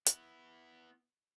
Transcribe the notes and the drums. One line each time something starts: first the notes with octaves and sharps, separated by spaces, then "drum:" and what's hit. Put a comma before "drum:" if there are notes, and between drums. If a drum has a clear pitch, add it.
B3 E4, drum: hi-hat